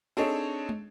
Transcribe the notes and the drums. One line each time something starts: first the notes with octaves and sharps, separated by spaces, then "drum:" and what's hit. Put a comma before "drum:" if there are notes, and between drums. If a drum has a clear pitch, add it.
C4 D4 D#4 G#4 A4 C#5
drum: tom